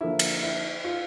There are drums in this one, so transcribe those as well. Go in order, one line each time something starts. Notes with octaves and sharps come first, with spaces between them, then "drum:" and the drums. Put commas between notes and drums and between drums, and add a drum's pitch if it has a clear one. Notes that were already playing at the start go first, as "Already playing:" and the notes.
D3 F3 A#3 E4
drum: cymbal
E4
F4